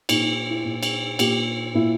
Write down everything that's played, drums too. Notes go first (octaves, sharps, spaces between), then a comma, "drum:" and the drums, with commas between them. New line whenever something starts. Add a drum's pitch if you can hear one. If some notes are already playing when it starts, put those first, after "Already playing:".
A#2 D#4, drum: cymbal
D#4
E4
A#2
drum: cymbal
A#2 G4, drum: cymbal
A#2 E4